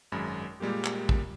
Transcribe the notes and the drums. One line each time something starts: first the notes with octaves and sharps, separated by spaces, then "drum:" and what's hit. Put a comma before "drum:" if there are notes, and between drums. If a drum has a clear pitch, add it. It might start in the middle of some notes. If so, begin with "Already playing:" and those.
G#1 F#2 G#3 B5
A#2 G3 G#3 A#3 G4
drum: clap
drum: kick A1